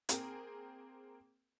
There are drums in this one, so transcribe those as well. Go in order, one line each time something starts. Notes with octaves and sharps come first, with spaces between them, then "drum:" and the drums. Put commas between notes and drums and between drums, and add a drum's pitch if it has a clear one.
A#3 C4 G#4 A#4 G5, drum: hi-hat